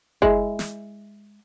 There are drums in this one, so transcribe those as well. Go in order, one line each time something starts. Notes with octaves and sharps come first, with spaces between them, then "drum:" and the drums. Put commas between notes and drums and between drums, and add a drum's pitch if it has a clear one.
G#3 E4, drum: kick F#1
drum: snare